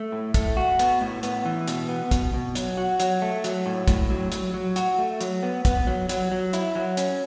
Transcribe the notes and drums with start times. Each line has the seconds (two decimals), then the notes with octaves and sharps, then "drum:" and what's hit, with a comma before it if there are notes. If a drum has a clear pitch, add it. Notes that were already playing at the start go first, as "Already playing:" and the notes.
Already playing: A3
0.12 A2
0.34 A3, drum: kick, hi-hat
0.57 F#4
0.79 B3, drum: hi-hat
1.01 A2
1.23 B3, drum: hi-hat
1.45 E3
1.68 B2, drum: hi-hat
1.89 B3
2.11 B2, drum: kick, hi-hat
2.34 B2
2.55 F#3, drum: hi-hat
2.77 F#4
3.00 F#3, drum: hi-hat
3.22 A3
3.44 F#3, drum: hi-hat
3.66 A2
3.88 A2, drum: kick, hi-hat
4.10 F#3
4.32 F#3, drum: hi-hat
4.54 F#3
4.76 F#4, drum: hi-hat
4.98 A3
5.21 F#3, drum: hi-hat
5.43 B3
5.65 B3, drum: kick, hi-hat
5.87 F#3
6.09 F#3, drum: hi-hat
6.32 F#3
6.53 E4, drum: hi-hat
6.75 F#3
6.97 C#4, drum: hi-hat